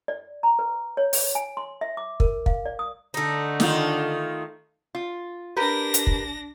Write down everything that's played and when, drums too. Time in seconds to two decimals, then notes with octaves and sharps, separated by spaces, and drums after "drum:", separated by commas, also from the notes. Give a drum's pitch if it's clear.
0.08 D5
0.43 A#5
0.59 B4
0.97 C#5
1.13 drum: open hi-hat
1.35 G#5
1.57 C6
1.81 E5
1.97 D6
2.20 A#4, drum: kick
2.46 F5, drum: kick
2.66 D5
2.79 D#6
3.14 D3 A3 D#4
3.60 D#3 F4, drum: snare
4.95 F4
5.56 D4 G4 A#4 B4 A#6
5.94 drum: hi-hat
6.07 drum: kick